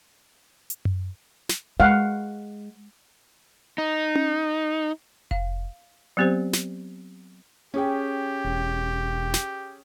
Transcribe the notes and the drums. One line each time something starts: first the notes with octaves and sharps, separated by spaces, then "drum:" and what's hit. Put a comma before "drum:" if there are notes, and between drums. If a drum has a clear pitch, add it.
drum: hi-hat
drum: tom F#2
drum: snare
G#3 F5 F#5
D#4
drum: tom C#4
F5, drum: kick F1
F#3 B3 C4 G4 C5
drum: snare
C#4 G4 G#4 G5
E1
drum: snare